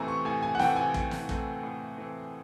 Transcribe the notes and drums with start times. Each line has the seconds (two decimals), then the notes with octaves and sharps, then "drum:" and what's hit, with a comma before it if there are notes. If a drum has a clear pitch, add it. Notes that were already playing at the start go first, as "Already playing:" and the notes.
Already playing: A2 E3 A3 C4 G#5 A#5
0.08 C#6
0.25 A2 G#5
0.43 G#5
0.55 F#5
0.59 E3 A3 C4 G5, drum: snare
0.76 G#5
0.94 A2, drum: kick
1.11 drum: snare
1.29 E3 A3 C4, drum: kick
1.63 A2
1.98 E3 A3 C4